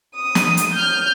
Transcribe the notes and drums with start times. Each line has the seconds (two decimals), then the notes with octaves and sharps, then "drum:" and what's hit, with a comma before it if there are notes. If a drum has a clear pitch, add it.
0.13 D#6
0.35 drum: snare
0.57 drum: hi-hat
0.73 F6 G6